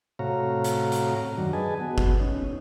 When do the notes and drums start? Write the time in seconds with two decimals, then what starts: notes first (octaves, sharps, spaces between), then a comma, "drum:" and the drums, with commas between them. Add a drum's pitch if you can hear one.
0.19 A2 C3 F#4 C#5 F5 A#5
0.64 drum: hi-hat
0.92 drum: hi-hat
1.38 F#2 D#3 F#3 D4
1.53 G#4 B4 D#5 G#5 A5
1.80 B3 F#4
1.98 drum: kick G1
2.20 C#4 D#4